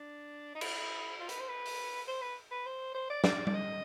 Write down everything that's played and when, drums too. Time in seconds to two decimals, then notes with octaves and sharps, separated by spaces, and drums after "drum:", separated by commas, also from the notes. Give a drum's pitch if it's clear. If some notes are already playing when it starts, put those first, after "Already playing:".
Already playing: D4
0.55 D#4
0.61 E4, drum: cymbal
1.20 F4
1.29 B4, drum: hi-hat
1.39 C5
1.49 B4
1.66 drum: open hi-hat
2.07 C5
2.21 B4
2.51 B4
2.66 C5
2.94 C5
3.10 D5
3.24 D5, drum: snare
3.47 D5, drum: tom G3
3.54 D#5